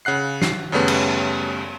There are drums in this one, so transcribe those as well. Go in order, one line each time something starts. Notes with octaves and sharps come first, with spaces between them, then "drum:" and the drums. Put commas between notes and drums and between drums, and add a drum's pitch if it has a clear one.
C#3 F#5 F#6 C7
C7, drum: snare
F#2 C#3 G3 A3 B3 C#4
drum: cymbal